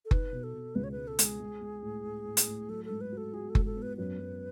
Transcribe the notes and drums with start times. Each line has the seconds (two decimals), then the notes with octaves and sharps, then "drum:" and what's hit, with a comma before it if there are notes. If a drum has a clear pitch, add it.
0.05 A4
0.11 D#4 B4, drum: kick F#1
0.32 B2
0.44 A4
0.54 B2
0.75 C#2 B4
0.84 C#5
0.91 B4
0.97 G#3
1.07 A4
1.19 G#3, drum: hi-hat
1.24 G#4
1.40 G#3
1.61 G#3
1.82 A2
2.04 A2
2.25 A2
2.37 drum: hi-hat
2.48 A2
2.69 F#3 A4
2.85 A4
2.90 G#2
3.01 B4
3.12 F#4 A4
3.34 F#4 G#4
3.50 A4
3.55 G#2, drum: kick F#1
3.65 A4
3.76 B3
3.82 B4
3.97 F#2 B4
4.19 F#2